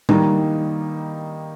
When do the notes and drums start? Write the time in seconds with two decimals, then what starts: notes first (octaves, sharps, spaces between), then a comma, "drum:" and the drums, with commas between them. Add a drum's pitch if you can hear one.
0.09 D#3 G3 A#3 D#4, drum: tom G3